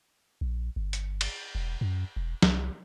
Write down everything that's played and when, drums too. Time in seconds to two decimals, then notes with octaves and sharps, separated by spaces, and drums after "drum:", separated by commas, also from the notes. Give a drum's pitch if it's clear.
0.41 A#1
0.76 G1
0.93 drum: hi-hat
1.21 drum: cymbal
1.55 E1
1.81 F#2
2.16 E1
2.42 C2, drum: snare